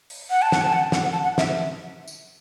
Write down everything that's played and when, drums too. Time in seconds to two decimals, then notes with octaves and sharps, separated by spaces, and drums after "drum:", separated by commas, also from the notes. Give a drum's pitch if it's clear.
0.10 drum: open hi-hat
0.30 F#5
0.42 A5
0.52 F#5, drum: snare
0.62 A5
0.73 F#5
0.92 F#5, drum: snare
1.02 F#5
1.12 A5
1.23 F#5
1.38 E5, drum: snare
2.08 drum: tambourine